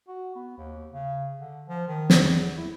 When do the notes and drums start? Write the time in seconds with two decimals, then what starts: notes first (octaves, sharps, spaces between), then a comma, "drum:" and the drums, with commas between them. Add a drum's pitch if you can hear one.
0.08 F#4
0.35 B3
0.58 D#2
0.91 C#3
1.40 D3
1.67 F3
1.88 D#3
2.10 drum: snare
2.20 E2
2.58 E4